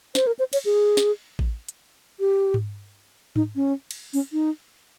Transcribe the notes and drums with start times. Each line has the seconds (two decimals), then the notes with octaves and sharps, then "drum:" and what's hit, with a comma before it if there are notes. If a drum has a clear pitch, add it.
0.15 C5, drum: snare
0.27 A#4
0.39 C5
0.53 C#5, drum: cymbal
0.65 G#4
0.97 drum: snare
1.39 drum: kick A1
1.69 drum: hi-hat
2.20 G4
2.54 drum: tom G#2
3.36 D#4, drum: tom G#2
3.56 C#4
3.91 drum: cymbal
4.13 C#4, drum: open hi-hat
4.33 D#4